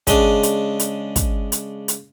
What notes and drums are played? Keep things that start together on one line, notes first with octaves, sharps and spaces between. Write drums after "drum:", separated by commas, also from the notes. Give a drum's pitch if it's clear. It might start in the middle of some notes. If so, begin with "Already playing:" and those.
C#3 G#3 D4, drum: kick, hi-hat
drum: hi-hat
drum: hi-hat
drum: kick, hi-hat
drum: hi-hat
drum: hi-hat